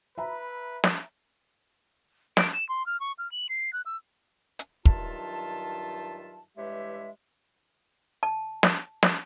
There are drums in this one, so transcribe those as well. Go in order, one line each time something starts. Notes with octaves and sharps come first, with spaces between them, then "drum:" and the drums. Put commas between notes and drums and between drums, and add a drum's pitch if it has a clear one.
B4 E5 A#5 B5
drum: snare
D7, drum: snare
E7
C6
F6
C#6
F6
F#7
C7
F#6
E6
drum: hi-hat
G2 D#3 F#3 F4 E5 A5, drum: kick
G2 E3 G#3 G4 C#5 E5
A5
drum: snare
drum: snare